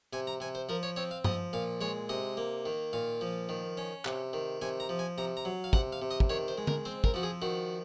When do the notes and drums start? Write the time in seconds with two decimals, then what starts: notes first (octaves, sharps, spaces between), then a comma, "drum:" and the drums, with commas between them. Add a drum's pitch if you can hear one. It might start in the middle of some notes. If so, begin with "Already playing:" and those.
0.13 C3 G#5
0.27 A#5
0.40 C3 G#5
0.55 C5
0.69 F3 A#4
0.83 C#5
0.96 C4 C#5
1.11 F5
1.24 F3 D#5, drum: tom G2
1.53 A#2 F5
1.81 G#3 C#5
2.09 C3 D#5
2.37 A#3
2.66 D#3
2.93 A#2 F5
3.21 F3
3.49 D#3
3.77 C#4
4.05 C3, drum: clap
4.33 D#3
4.61 C3 G#5
4.80 A#5
4.89 F3
4.99 G#5
5.18 C3 A#5
5.37 A#5
5.45 F#3
5.64 F5
5.73 C3 F#5, drum: kick
5.92 F5
6.02 C3
6.11 D#5
6.20 drum: kick
6.30 D#3 C#5
6.48 C5
6.58 G#3
6.67 A#4, drum: tom
6.85 C4 C5
7.04 A#4, drum: kick
7.14 F3 F#4
7.23 G#4
7.42 D#3 F#4